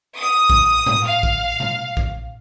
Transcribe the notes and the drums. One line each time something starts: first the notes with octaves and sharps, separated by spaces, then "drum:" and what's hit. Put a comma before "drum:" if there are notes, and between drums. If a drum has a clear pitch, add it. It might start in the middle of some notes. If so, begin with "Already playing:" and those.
D#6
drum: kick A#1
drum: tom A2
F5
drum: kick A#1
drum: tom B2
drum: kick A#1